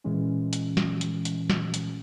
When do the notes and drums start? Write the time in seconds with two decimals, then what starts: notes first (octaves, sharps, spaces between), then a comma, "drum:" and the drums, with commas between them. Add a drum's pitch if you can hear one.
0.04 A#2 E3 G#3 C#4
0.53 drum: hi-hat
0.77 drum: snare
1.01 drum: hi-hat
1.25 drum: hi-hat
1.50 drum: snare
1.74 drum: hi-hat